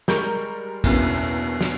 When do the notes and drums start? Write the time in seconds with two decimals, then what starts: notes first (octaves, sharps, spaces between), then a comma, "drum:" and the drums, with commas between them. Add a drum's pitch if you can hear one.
0.08 G3 G#3 A#4 A#5 C#6 G6, drum: snare
0.84 F#1 E2 G2 B2 A#3 C#4, drum: kick, cymbal
1.61 drum: snare